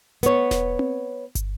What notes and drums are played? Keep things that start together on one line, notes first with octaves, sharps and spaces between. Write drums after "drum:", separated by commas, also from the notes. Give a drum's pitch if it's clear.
B3 C#5, drum: hi-hat
drum: snare E1
drum: tom C4
drum: kick, hi-hat